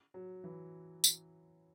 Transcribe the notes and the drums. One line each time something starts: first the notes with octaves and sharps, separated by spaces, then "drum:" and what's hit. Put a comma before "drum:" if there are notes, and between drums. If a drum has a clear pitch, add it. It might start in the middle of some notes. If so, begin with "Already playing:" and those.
F#3
E3
drum: tambourine